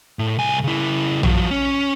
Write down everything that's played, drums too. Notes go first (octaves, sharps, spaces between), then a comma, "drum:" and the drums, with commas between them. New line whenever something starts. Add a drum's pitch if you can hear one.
A2
C2 G#5
C#3 E4
F3 F#3, drum: tom A#1
C#4